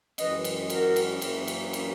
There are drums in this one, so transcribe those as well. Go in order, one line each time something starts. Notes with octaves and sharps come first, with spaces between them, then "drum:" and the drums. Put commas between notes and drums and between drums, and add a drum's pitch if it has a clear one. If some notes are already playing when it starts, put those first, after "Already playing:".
F#2 E3 G#3 B4 D#5, drum: cymbal
drum: cymbal
F#4 A#4, drum: cymbal
drum: cymbal
F#2 E3 A#3, drum: cymbal
drum: cymbal
drum: cymbal